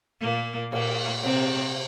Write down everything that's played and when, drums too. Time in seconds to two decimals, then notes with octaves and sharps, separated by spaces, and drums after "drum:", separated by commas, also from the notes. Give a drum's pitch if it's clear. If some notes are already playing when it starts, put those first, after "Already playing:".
0.21 A#2 A#3
0.72 A#2 A#3, drum: cymbal
1.23 C3 C4, drum: cymbal